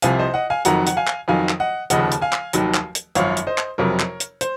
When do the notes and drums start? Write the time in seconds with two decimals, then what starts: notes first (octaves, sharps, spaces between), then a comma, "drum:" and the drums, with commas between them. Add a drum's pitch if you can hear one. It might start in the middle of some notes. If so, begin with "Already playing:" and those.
0.02 C2 C3 F3 F5 G#5, drum: hi-hat
0.19 C5 D#5
0.34 D#5 F#5
0.50 F5 G#5
0.65 F#1 F2 D#3 F#3 F#5 A#5, drum: hi-hat
0.87 F#5, drum: hi-hat
0.97 F5 G#5
1.07 drum: clap
1.28 F2 D#3 F#3 F5 G#5
1.49 drum: clap
1.60 D#5 F#5
1.90 F1 D#2 C#3 F3 D#5 F#5, drum: hi-hat
2.12 drum: hi-hat
2.22 F5 G#5
2.33 drum: clap
2.53 F1 D#2 D#3 F#3, drum: hi-hat
2.74 drum: clap
2.95 drum: hi-hat
3.15 G#1 F#2 F3 C#5 F5, drum: hi-hat
3.37 drum: hi-hat
3.47 C5 D#5
3.58 drum: clap
3.78 F#1 F2 C3 F#3 A#4 C#5
3.99 drum: clap
4.20 drum: hi-hat
4.41 C5, drum: hi-hat